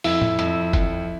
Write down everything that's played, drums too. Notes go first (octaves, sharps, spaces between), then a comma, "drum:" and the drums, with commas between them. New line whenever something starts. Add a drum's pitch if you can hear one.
F2 E4, drum: open hi-hat
drum: tom
F2, drum: hi-hat
F2, drum: kick F#1, hi-hat